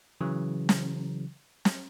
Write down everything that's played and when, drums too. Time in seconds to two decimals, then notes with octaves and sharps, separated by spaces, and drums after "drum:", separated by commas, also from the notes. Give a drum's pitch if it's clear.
0.21 C#3 E3 F#3
0.69 drum: snare
1.65 drum: snare